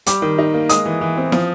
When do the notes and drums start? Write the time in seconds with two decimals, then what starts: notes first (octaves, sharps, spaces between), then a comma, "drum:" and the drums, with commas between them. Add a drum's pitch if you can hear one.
0.06 G3 D6, drum: hi-hat
0.22 D#3
0.38 D#4
0.54 A#3
0.69 G#3 D#6, drum: hi-hat
0.86 E3
1.01 E3
1.17 C4
1.32 F3, drum: snare